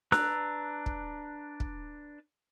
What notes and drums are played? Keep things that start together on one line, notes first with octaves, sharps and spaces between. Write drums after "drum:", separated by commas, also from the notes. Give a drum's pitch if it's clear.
D4 B4 A#5 E6 F#6, drum: snare D4
drum: kick
drum: kick